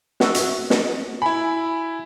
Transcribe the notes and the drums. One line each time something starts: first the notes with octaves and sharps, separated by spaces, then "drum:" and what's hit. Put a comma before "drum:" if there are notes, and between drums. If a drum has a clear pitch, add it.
F#4 E5 F#5, drum: snare
drum: hi-hat
drum: snare
E4 G#5 B5